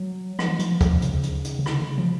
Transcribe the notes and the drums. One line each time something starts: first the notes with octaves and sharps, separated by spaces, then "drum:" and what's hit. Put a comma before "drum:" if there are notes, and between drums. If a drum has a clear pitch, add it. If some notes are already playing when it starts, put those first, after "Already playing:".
Already playing: F#3
F3, drum: rim click
E3
F3, drum: hi-hat
drum: kick D2, hi-hat
C#3, drum: hi-hat
drum: hi-hat
drum: hi-hat
C#3
D3, drum: rim click
C#3
F3